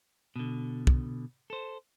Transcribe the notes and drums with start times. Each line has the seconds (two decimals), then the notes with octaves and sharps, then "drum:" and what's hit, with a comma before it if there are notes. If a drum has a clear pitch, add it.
0.36 B2 D3
0.87 drum: kick
1.50 A4 C5